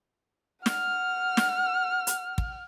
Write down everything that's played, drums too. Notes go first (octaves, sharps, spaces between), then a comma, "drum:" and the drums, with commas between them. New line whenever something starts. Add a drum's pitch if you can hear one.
F#5 F6, drum: snare
drum: snare
drum: hi-hat
drum: kick